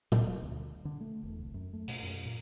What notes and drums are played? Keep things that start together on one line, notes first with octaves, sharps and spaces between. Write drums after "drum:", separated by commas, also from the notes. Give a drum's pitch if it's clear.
D1, drum: tom A#2
D2
D3
A3
E1
C2
F#2
A3
B2, drum: open hi-hat
F#2
A#2